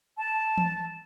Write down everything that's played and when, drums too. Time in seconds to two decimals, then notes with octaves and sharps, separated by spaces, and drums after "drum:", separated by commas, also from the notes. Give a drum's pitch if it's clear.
0.18 A5
0.58 drum: tom E3